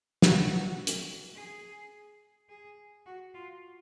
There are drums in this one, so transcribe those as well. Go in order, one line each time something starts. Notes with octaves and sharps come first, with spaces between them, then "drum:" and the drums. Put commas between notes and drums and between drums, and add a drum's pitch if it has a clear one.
F#4, drum: snare
drum: hi-hat
G#4
G#4
F#4
F4